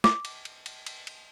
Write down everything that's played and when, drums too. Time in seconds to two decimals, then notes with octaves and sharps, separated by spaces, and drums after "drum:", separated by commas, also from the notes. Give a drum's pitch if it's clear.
0.04 D6, drum: snare
0.25 drum: cymbal
0.45 drum: cymbal
0.66 drum: cymbal
0.86 drum: cymbal
1.07 drum: cymbal